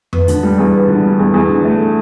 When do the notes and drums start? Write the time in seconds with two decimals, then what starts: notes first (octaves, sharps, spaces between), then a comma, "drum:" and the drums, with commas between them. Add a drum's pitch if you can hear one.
0.13 B3, drum: tom F2
0.28 D3, drum: hi-hat
0.43 G3
0.58 E2
0.73 B3
0.88 D3
1.04 G3
1.19 E2
1.34 E2
1.49 D3
1.65 A3